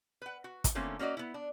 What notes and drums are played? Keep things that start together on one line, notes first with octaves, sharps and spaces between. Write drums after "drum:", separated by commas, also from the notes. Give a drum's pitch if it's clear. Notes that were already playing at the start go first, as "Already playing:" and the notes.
B4 F#5
F#4
drum: kick, hi-hat
D3 A3 A#3 C4 C#4 F4
A#3 C#4 F#4 D5 D#5
B3 E4
D4